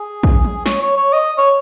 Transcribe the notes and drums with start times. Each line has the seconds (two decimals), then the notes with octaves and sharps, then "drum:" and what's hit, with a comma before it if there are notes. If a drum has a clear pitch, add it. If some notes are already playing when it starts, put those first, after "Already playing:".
Already playing: G#4
0.23 drum: kick
0.45 drum: tom
0.66 C#5, drum: snare
0.82 C#5
0.97 C#5
1.13 D#5
1.38 C#5